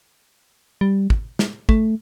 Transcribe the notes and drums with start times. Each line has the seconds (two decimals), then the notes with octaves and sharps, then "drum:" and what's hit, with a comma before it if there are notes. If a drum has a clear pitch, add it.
0.81 G3
1.10 drum: kick
1.39 drum: snare
1.69 A3, drum: kick